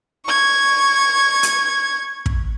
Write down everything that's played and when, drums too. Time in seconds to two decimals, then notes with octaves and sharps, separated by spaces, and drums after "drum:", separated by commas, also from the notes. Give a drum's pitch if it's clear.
0.26 C#6 G#6
1.43 drum: hi-hat
2.26 drum: kick